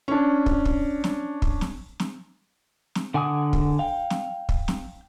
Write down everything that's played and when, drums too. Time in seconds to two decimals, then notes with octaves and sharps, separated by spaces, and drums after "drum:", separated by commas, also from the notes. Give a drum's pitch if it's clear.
0.08 C#4 D4
0.46 drum: kick
0.65 drum: kick
1.04 drum: snare
1.42 drum: kick
1.61 drum: snare
2.00 drum: snare
2.95 drum: snare
3.14 D3 F#5 G#5 D6 D#6
3.53 drum: kick
3.79 F5 G5
4.10 drum: snare
4.49 drum: kick
4.68 drum: snare